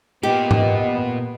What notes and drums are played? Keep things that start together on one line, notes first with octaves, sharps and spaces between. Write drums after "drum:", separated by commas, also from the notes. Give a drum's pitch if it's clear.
A#2 B3 G4 D#5
drum: tom G#2